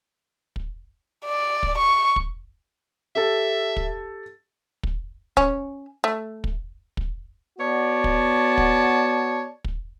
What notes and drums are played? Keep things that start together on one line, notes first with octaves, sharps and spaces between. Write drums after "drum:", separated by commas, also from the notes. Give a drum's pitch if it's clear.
drum: kick
D5
drum: kick
C#6
drum: kick
G4 A4 E5
drum: kick
drum: kick
C#4, drum: kick
A3
drum: kick
drum: kick
B3 F#4 C#5 D5 A5
drum: kick
drum: kick
drum: kick